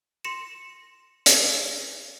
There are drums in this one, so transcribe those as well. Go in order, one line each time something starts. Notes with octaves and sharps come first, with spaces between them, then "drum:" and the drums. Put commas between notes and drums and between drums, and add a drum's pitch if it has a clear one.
C6 A#6 C#7 E7
drum: hi-hat